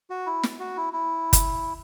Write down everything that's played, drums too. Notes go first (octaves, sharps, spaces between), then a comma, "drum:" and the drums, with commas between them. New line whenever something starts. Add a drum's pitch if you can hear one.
F#4
E4
drum: snare
F#4
E4
E4
drum: kick G1, hi-hat